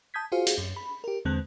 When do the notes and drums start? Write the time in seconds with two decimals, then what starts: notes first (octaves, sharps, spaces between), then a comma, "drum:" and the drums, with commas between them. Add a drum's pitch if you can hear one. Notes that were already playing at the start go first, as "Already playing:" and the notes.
0.14 A5 D#6 G6 G#6 B6
0.32 F4 F#4 G#4 C5 F5
0.47 drum: hi-hat
0.58 F#2
0.76 B5
1.04 G4 A#4
1.25 E2 D3 G#3 C4 F#6